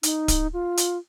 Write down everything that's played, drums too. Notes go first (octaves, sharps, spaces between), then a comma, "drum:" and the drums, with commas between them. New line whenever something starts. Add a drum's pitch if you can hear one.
D#4, drum: hi-hat
drum: kick D1, hi-hat
F4
drum: hi-hat